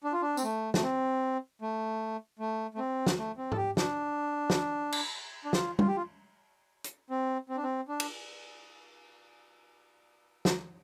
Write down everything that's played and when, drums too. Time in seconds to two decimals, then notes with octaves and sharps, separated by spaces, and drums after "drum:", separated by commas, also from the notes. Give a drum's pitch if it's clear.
0.04 D4
0.13 F4
0.22 D4
0.37 C4, drum: tambourine
0.44 A3
0.74 A3, drum: snare
0.83 C4
1.62 A3
2.39 A3
2.75 A3
2.78 C4
3.07 drum: snare
3.18 A3
3.37 C4
3.52 A4, drum: tom G#2
3.57 G4
3.77 D4, drum: snare
4.50 drum: snare
4.92 drum: cymbal
5.45 D4
5.53 F4, drum: snare
5.79 F4, drum: tom G3
5.88 G4
5.96 F4
6.84 drum: hi-hat
7.10 C4
7.49 C4
7.57 D4
7.63 C4
7.88 D4
8.00 drum: cymbal
10.45 drum: snare